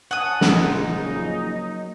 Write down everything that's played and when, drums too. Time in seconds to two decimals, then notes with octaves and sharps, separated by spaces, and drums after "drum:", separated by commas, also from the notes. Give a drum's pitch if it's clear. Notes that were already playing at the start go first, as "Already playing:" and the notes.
0.11 C#5 F#5 G#5 A5 D#6
0.41 A#1 C#3 D#4 A#5 C6, drum: snare
0.87 F#3 A#3 D#5